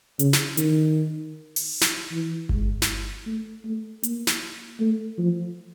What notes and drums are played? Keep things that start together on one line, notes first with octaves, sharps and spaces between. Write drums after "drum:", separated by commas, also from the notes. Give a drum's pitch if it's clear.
C#3, drum: hi-hat
drum: snare
D#3, drum: hi-hat
drum: open hi-hat
drum: snare
E3
G#3, drum: kick G1
drum: snare
A3
A3
A#3, drum: hi-hat
drum: snare
A3
F3